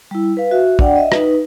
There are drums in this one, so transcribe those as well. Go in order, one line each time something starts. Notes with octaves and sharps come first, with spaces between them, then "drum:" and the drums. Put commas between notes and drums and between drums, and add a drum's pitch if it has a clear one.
G3 E4
B4 F5
F#4 E5
D4 D5 F#5 G5, drum: kick
D#5 E5
D#4 B4, drum: rim click